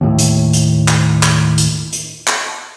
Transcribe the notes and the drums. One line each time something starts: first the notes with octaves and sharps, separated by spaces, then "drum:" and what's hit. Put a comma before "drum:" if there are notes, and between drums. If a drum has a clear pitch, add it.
D#2 A2
drum: hi-hat
drum: hi-hat
drum: clap
drum: clap
drum: hi-hat
drum: hi-hat
drum: clap